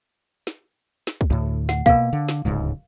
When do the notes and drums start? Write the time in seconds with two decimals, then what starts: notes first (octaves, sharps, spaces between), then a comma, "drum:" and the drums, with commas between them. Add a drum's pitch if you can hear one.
0.47 drum: snare
1.07 drum: snare
1.21 drum: kick
1.30 D2 A2
1.69 F#5, drum: snare
1.86 B2 A#3 A#4 F5, drum: kick
2.13 D3
2.29 drum: snare
2.45 D1 C#2 G#2